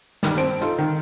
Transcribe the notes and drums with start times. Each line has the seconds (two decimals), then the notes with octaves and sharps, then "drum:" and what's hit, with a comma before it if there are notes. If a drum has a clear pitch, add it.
0.23 G2 D#3, drum: snare
0.37 C4 A5 D7
0.61 D#4 F4 A4, drum: hi-hat
0.78 D#3